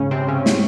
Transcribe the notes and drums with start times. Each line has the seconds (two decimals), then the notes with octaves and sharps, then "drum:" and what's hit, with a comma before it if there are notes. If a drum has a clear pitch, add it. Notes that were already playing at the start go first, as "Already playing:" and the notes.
Already playing: G#2 C#3 C#4
0.11 C3 C4
0.28 C#3 C#4
0.46 drum: snare